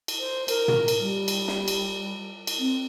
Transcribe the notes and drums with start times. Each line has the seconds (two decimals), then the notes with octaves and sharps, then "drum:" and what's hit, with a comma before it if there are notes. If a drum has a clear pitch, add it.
0.08 drum: cymbal
0.19 C5
0.48 A#4, drum: cymbal
0.68 drum: tom
0.88 drum: cymbal
1.01 G3
1.28 drum: cymbal
1.48 drum: snare
1.68 drum: cymbal
2.47 drum: cymbal
2.59 C4